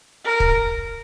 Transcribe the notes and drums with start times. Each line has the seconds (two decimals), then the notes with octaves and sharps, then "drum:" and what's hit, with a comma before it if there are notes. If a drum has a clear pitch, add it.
0.25 A#4
0.40 drum: kick